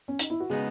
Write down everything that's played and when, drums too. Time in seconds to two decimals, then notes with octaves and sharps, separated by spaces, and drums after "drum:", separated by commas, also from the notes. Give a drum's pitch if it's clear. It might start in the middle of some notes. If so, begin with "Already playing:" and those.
0.08 C#4
0.19 D#4, drum: hi-hat
0.30 E4
0.40 F#4
0.50 C#3 G#3 B3 D#4 G#4